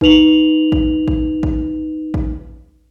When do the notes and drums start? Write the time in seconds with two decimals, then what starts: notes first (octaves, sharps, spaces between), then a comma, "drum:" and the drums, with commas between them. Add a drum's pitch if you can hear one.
0.01 D#4 B4 F7 F#7, drum: kick A1
0.72 drum: kick A1
1.08 drum: kick A1
1.43 drum: kick A1
2.14 drum: kick A1